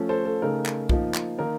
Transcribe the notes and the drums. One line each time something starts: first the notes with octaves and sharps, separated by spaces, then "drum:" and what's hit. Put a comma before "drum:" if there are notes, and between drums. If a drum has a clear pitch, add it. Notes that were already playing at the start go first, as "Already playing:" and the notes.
Already playing: F3 A3 C#4
A4 C5
A4
C#3 A3 D#4 A#4
drum: clap
F3 A#3 D#4, drum: kick
drum: clap
D#3 A#3 D#4 A#4